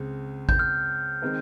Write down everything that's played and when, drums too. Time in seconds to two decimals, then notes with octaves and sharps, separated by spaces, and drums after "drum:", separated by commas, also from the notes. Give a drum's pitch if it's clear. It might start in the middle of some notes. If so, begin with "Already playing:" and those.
Already playing: C#2 C#3 G#3 C4
0.49 G6, drum: kick A1
0.59 F6
1.22 D#3 G#3 C4 D#4 A#4